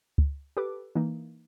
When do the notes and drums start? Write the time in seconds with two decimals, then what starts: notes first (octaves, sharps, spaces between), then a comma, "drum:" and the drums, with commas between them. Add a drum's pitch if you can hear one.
0.18 drum: kick
0.57 G4 A4 B4 D6
0.95 E3 A#3 D#4